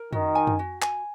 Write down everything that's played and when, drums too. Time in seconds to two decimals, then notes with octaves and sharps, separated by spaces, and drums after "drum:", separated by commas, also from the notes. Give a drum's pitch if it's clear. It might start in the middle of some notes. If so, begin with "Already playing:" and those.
Already playing: A#4
0.13 D#3 F#4, drum: tom
0.35 G#5
0.47 drum: tom
0.59 F#4
0.82 G#5, drum: clap